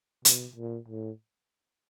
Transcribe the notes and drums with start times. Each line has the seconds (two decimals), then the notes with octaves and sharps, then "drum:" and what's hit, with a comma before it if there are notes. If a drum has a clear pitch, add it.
0.25 B2, drum: hi-hat
0.56 A#2
0.88 A2